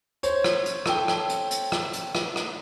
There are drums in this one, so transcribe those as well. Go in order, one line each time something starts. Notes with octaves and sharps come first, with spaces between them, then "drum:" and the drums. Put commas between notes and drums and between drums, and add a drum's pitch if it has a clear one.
C5 C#5, drum: hi-hat
drum: rim click
drum: hi-hat
A4 G5, drum: rim click
drum: rim click
drum: hi-hat
drum: hi-hat
drum: rim click
drum: hi-hat
drum: rim click
drum: rim click